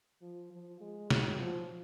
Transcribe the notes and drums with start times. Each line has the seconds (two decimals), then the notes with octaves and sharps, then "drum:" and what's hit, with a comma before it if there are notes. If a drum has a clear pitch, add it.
0.22 F3
0.52 F3
0.81 G#3
1.10 F#3, drum: snare
1.40 F3